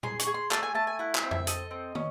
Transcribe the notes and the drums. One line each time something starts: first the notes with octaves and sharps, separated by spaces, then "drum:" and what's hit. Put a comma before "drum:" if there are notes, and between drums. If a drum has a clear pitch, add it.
G#4 C6, drum: tom A#2
C#6, drum: hi-hat
G#4
C6
A3 A5, drum: clap
G#5
A3 A5
G#5
E4 F#5
E5, drum: clap
C4
E5, drum: tom F2
A4 D#5, drum: hi-hat
C4
C#4, drum: tom